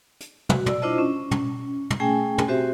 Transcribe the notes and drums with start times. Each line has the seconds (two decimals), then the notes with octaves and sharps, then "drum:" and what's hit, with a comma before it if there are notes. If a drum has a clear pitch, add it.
0.20 drum: hi-hat
0.49 F#4, drum: tom
0.66 D5 E6, drum: tom
0.82 D4 E4 F4 C5 D#5 A5
0.98 C#4
1.31 drum: tom
1.90 drum: tom
2.00 A3 C#4 G#4 G5 G#5
2.38 drum: tom
2.48 C4 F#4 G4 C5 E5